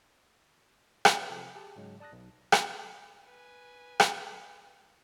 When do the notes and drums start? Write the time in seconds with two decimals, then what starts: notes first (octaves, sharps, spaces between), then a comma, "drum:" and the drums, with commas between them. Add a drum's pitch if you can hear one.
1.05 drum: rim click
1.15 G#4 B4 C#5 E5 F#5
1.28 C3 F3 G4 A4
1.56 G4 G#4 A5
1.76 G#2 C#3 F#3 G#3
2.00 D5 A5 D#6 F#6 A#6
2.12 B1
2.52 drum: rim click
3.26 B4 G#5
4.00 drum: rim click